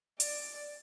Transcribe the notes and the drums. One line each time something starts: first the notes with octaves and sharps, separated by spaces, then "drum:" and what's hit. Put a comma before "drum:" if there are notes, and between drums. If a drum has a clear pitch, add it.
D5, drum: hi-hat